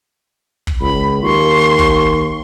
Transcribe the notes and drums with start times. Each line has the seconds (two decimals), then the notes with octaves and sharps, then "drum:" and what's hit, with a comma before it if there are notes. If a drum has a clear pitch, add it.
0.67 drum: kick
0.81 C#2 B5
1.23 D#2 C6 C#6
1.79 drum: kick